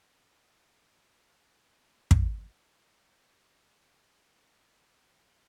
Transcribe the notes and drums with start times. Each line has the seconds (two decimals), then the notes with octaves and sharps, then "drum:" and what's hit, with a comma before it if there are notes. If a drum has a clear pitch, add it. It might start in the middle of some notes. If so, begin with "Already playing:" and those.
0.46 D5 D#5 A#5
2.11 drum: kick
2.70 C#3 A#3 F#4 D5 F5
3.02 C#5
4.97 F#4 A#4 E5 G5